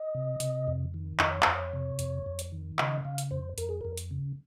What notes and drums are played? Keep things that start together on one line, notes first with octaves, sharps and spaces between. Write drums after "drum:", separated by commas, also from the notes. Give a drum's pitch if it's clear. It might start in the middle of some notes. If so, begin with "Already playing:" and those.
Already playing: D#5
C3
C3, drum: hi-hat
F2
D#3
F2 D#5, drum: clap
C#5
F2 C5, drum: clap
C#5
C3
F2, drum: hi-hat
F2
drum: hi-hat
D#3
C#3 D#5, drum: clap
C#3 F5
drum: hi-hat
F2 C5
F2 A#4, drum: hi-hat
G#4
F2 A#4
drum: hi-hat
C#3